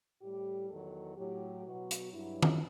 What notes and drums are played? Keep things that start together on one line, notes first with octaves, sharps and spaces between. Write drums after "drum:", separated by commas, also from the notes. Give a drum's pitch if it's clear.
A2 G3 G4
E2 D#3 F#3 A4
A2 F#3 G4
B2 F#3 F#4
drum: hi-hat
G2 F#3 E4
drum: tom D#3